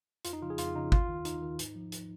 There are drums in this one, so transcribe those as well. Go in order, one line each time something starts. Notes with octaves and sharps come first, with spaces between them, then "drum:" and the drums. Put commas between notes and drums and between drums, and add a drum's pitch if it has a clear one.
F2 F4, drum: hi-hat
D#4
C#3 F3 F4
G#4
F2 F4, drum: hi-hat
C#3 F3 D#4
D#2 F4, drum: kick
D#3
D#2 D#4, drum: hi-hat
D#3
G#2, drum: hi-hat
F3
drum: hi-hat